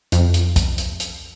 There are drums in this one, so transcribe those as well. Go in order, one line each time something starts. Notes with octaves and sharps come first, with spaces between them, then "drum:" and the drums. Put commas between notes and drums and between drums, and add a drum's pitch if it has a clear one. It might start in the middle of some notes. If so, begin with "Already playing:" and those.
F2, drum: hi-hat
drum: hi-hat
drum: kick, hi-hat
drum: hi-hat
drum: hi-hat